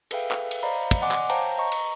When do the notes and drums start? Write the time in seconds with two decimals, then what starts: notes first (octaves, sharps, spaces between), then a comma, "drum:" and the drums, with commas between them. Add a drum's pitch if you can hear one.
0.11 G#4 A4 B4 E5 F5 G5, drum: cymbal
0.31 drum: clap
0.51 drum: cymbal
0.63 C5 D5 D#5 F5 A#5 B5
0.91 drum: kick, cymbal
1.01 D5 D#5 F#5 G#5 C6 D6
1.11 drum: clap
1.30 C5 C#5 F5 G5 A5 A#5, drum: cymbal
1.58 D#5 A#5 C#6
1.72 drum: cymbal